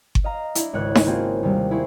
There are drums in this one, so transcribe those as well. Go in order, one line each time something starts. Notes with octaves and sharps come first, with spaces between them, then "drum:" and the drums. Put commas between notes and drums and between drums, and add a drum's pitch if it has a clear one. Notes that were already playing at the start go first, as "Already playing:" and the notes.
drum: kick G1
D#5 F5 A#5
D4 E4, drum: hi-hat
G#1 C#2 C#5 C#6 F#6 G#6
drum: snare D#4
A#3 C4 C#4 F4 F#4 G#4
D#2 C3 G3
E4 G#4 C5 C#6